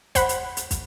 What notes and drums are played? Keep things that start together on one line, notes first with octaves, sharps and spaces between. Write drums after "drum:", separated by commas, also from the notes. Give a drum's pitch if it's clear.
C5 F#5 B5, drum: kick, hi-hat
drum: hi-hat
drum: hi-hat
drum: kick, hi-hat